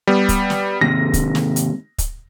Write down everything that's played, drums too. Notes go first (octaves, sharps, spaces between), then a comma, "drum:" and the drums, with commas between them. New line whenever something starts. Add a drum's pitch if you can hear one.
G3 B3
drum: kick, hi-hat
drum: snare
D#2 G#2 C3 A#6
drum: kick, hi-hat
drum: snare
drum: hi-hat
drum: kick, hi-hat